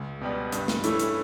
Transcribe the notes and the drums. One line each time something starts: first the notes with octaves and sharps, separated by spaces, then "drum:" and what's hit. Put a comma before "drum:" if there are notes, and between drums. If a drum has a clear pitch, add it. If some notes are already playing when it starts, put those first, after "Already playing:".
Already playing: C#2
B2 G3 B3
G2, drum: hi-hat
drum: snare
E3 A3 C#4 E4, drum: hi-hat
drum: hi-hat